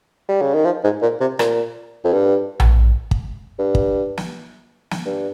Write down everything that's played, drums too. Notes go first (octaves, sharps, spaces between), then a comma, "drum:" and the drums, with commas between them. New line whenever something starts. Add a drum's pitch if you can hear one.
G3
C#3
D#3
F3
G#2
A#2
C3
A#2, drum: rim click
F2
G2
drum: tom A#1
drum: kick
G2
drum: kick
drum: snare
drum: snare
G2